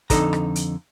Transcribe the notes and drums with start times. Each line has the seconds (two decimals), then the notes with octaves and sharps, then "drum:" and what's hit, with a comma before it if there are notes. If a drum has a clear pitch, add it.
0.10 F2 D3 D#4 A4 D#5 A#5, drum: kick, hi-hat
0.33 drum: rim click
0.56 drum: hi-hat